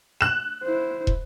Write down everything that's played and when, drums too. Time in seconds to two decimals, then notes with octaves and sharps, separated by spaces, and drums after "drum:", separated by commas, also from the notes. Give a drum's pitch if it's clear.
0.21 F#6 E7
0.64 E4 C5
1.07 drum: kick